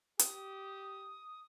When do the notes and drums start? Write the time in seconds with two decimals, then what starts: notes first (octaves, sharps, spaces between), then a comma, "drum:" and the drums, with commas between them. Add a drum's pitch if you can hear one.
0.19 G4 D#6, drum: hi-hat